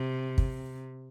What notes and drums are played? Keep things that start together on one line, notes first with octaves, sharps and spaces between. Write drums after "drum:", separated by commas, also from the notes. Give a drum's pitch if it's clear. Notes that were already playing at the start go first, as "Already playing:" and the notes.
Already playing: C3
drum: kick